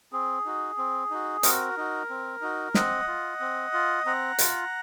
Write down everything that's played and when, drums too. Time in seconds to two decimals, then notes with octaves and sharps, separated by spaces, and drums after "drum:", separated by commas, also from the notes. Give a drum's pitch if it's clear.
0.13 C4 G#4
0.45 D#4 F#4
0.78 C4
1.11 D#4 F#4
1.43 C4 F#4 A#4, drum: hi-hat
1.77 D#4 F#4
2.10 C4
2.41 D#4 F#4
2.74 C4 D#5 F#5, drum: snare
3.07 F4
3.40 C4
3.73 F4
4.06 C4 F#5 A#5
4.38 F4, drum: hi-hat